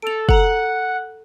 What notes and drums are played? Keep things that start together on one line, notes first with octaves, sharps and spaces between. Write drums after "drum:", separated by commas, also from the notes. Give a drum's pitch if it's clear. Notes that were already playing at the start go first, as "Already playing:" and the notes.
A4 D7 F7
A4 F#5 A#5, drum: kick